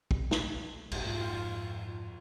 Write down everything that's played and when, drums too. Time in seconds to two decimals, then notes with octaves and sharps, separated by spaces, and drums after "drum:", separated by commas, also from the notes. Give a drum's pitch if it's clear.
0.11 drum: kick
0.31 drum: snare
0.92 B1 F2 A#2, drum: cymbal
1.05 G#2 F4